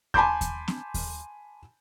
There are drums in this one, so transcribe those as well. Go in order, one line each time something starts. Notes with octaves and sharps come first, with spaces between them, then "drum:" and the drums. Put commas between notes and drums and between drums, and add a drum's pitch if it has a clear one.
G#5 A5 B5 C6 D6 G6, drum: kick D#2
drum: kick D#2, hi-hat
drum: snare
drum: kick D#2, open hi-hat